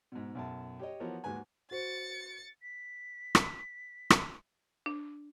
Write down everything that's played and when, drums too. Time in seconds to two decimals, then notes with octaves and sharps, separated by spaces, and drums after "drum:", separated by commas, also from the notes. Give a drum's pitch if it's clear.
0.12 G#2 B2
0.35 B1 F#2 E5 A5
0.80 G4 C#5 D#5
1.00 E3 F3 B3 F#4 A#4 C#5
1.24 D#2 G#2 F#4 B4 G#5
1.71 F#4 C5 A6 C#7
2.62 B6
3.35 drum: rim click
4.10 drum: rim click
4.86 D4